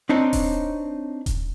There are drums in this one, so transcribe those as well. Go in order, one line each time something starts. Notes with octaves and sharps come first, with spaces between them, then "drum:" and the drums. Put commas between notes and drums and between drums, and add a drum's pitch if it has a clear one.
C4 D4 D#4 C#5
drum: kick D#1, open hi-hat
drum: kick D#1, hi-hat